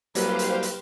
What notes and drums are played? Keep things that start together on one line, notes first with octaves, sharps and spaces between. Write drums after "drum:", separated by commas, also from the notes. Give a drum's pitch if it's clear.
C2 F#3 G3 A#3 G4 B4 C5 F5, drum: hi-hat
drum: hi-hat
drum: hi-hat